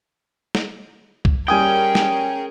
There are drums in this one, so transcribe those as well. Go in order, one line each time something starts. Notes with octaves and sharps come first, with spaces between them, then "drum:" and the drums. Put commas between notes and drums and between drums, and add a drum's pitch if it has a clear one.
drum: snare
drum: kick C2
G3 C#4 G#4 A#4 G5 G#5 D#6
drum: snare